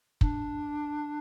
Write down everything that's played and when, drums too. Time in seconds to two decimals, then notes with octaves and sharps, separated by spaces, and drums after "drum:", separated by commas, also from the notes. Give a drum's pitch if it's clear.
0.21 D4, drum: kick